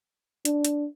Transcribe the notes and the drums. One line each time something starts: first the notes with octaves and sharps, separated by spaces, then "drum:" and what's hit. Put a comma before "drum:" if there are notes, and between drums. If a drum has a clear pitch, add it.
D4, drum: hi-hat
drum: hi-hat